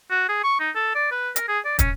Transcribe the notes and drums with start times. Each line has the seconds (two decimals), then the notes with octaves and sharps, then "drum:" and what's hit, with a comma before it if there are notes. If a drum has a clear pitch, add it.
0.11 F#4
0.29 G#4
0.44 C#6
0.60 D#4
0.76 A4
0.95 D5
1.12 B4
1.36 A#4, drum: hi-hat
1.48 G#4
1.65 D5
1.79 C#4, drum: kick, hi-hat